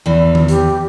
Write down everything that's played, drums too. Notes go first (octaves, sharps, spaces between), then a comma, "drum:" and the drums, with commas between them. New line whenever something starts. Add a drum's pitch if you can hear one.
E2 E3
drum: tom D#3
G4, drum: hi-hat